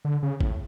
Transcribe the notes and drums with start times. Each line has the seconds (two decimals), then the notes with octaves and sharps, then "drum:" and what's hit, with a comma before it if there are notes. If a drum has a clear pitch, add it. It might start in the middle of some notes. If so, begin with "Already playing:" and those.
0.05 D3
0.23 C#3
0.41 A2, drum: kick